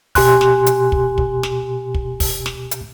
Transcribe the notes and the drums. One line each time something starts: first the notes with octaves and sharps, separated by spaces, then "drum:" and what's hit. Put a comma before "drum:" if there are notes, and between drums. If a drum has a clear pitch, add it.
B2 G4 G#5 C6 F#6, drum: kick, open hi-hat
drum: snare
drum: hi-hat
drum: kick
drum: kick
drum: snare
drum: kick
drum: kick, open hi-hat
drum: snare
drum: hi-hat